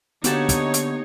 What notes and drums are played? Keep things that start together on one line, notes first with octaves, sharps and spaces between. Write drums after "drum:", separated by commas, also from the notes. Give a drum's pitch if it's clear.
D3 A#3 B3 D#4 F#4 G4 C#5 A5, drum: hi-hat
drum: kick, hi-hat
drum: hi-hat